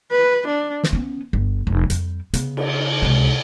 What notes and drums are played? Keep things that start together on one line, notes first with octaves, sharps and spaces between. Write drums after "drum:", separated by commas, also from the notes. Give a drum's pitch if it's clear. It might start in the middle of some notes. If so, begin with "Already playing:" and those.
B4
D4
drum: snare
B3 C#4
G1
F1
F2 G3, drum: hi-hat
C#3 B3, drum: hi-hat
drum: cymbal
C#2 C3